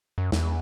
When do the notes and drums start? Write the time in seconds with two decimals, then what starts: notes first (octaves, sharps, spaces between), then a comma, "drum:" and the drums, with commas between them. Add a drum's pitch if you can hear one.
0.18 F#2
0.32 E2, drum: snare